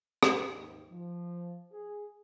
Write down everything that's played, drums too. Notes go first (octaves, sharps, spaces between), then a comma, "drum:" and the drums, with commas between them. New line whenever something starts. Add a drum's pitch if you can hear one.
drum: rim click
D#2 G#2
F3
G#4